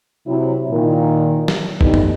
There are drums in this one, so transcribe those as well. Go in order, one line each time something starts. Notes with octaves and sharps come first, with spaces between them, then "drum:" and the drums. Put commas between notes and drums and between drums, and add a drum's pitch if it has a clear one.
C3 F#3 E4
A#2 D#3
drum: snare
B2 E3 G3 A3 B3 D#4, drum: kick
drum: tom